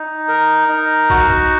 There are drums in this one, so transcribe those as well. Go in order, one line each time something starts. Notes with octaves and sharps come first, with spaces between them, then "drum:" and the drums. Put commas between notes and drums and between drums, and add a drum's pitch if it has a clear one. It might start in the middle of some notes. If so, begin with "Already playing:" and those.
Already playing: D#4
A#4
D#4
F#4, drum: kick
drum: kick